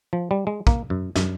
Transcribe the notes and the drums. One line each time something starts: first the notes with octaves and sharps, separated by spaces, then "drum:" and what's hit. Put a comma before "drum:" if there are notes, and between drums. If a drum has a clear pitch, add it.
F3
G3
G#3
A#3, drum: kick
F#2
F#2, drum: snare